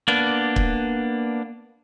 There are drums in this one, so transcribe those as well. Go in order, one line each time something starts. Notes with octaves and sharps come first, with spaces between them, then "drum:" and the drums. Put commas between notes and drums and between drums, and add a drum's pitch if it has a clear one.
A#3 B3 D4
drum: kick